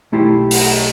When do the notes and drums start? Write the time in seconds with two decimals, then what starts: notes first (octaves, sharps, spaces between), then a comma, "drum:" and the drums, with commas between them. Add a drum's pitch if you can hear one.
0.12 B1 A3 E4 G4 C6
0.51 drum: open hi-hat